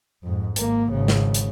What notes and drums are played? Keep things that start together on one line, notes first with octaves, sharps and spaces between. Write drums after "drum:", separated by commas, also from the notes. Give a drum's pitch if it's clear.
F2 G#2
G#1 A#3, drum: hi-hat
G#1 C#3
drum: snare
drum: hi-hat